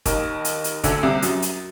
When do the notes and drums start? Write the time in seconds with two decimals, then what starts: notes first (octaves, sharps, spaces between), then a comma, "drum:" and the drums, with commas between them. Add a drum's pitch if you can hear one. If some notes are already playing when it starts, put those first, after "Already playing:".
0.06 D#2 D#3, drum: kick, hi-hat
0.45 drum: hi-hat
0.64 drum: hi-hat
0.84 D2 D3, drum: kick, hi-hat
1.03 C2 C3
1.22 F#2 F#3, drum: hi-hat
1.42 drum: hi-hat